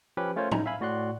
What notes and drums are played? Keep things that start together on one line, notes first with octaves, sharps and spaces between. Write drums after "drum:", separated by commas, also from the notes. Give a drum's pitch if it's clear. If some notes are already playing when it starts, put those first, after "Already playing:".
F3 C#4 G4 B4
A3 C#4 F4 A#4 C5 C#5
C#4 D#4 E4, drum: tom
E5 F5 G#5 B5
A2 F#4 D5 C6 F#6